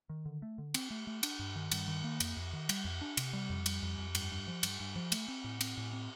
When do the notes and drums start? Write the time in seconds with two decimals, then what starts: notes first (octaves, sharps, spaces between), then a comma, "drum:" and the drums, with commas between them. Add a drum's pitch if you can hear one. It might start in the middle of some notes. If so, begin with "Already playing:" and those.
0.09 D#3
0.26 D3
0.42 A3
0.58 D3
0.74 C4, drum: cymbal
0.91 A3
1.07 A3
1.23 D4, drum: cymbal
1.39 G2
1.56 D#3
1.72 G2, drum: cymbal
1.88 D#3
2.04 A#3
2.20 F2, drum: cymbal
2.37 F2
2.53 D#3
2.69 G3, drum: cymbal
2.85 F2
3.01 D4
3.17 C3, drum: cymbal
3.33 G3
3.50 F2
3.66 G3, drum: cymbal
3.83 F2
3.98 F2
4.15 G2, drum: cymbal
4.31 G2
4.47 F3
4.63 G2, drum: cymbal
4.80 G2
4.96 F3
5.12 A3, drum: cymbal
5.28 C4
5.44 A2
5.61 C4, drum: cymbal
5.77 A2
5.93 C4